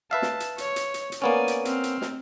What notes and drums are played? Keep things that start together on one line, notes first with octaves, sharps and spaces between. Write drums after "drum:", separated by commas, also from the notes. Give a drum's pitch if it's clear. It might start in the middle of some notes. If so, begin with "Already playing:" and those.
B4 E5 F5 A5
drum: snare
drum: hi-hat
C#5, drum: hi-hat
drum: hi-hat
drum: hi-hat
drum: hi-hat
A#3 B3 C#4 D5 G#5
drum: hi-hat
C4 F6, drum: hi-hat
drum: hi-hat
drum: snare